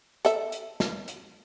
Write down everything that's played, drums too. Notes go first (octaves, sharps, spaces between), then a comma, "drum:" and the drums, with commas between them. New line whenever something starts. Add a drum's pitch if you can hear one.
A4 E5, drum: hi-hat
drum: hi-hat
drum: snare
drum: hi-hat